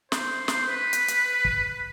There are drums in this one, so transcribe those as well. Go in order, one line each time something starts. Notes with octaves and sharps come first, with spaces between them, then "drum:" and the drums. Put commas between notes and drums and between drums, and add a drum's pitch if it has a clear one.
C5, drum: snare
drum: snare
B4
drum: hi-hat
drum: hi-hat
drum: kick